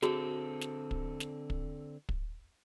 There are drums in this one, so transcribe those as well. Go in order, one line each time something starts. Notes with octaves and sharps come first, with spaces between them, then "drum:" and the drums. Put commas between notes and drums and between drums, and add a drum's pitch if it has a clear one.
D3 C4 F#4 G#4 A4, drum: snare
drum: snare
drum: kick
drum: snare
drum: kick
drum: kick